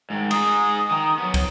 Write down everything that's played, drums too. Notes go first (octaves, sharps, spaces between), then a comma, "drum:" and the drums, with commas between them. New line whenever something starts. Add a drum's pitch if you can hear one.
G#2 D#3
D#4 G#4 D#6, drum: cymbal
D#3
F#3 B3
drum: kick, cymbal